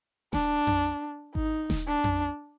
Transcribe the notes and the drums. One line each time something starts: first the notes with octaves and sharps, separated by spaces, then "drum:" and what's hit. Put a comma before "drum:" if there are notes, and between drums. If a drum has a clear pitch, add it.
D4, drum: snare D#1
drum: tom F2
D#4, drum: kick G#1
drum: snare D#1
D4
drum: tom F2